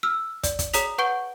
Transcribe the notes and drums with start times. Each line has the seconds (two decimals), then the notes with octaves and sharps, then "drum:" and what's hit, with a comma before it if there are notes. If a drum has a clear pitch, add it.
0.03 E6 F6
0.43 D5, drum: kick, hi-hat
0.59 drum: kick, hi-hat
0.73 G#4 C#5 A#5 D#6 B6 F7, drum: hi-hat
0.98 B4 F#5 C#6 G6 D7 G7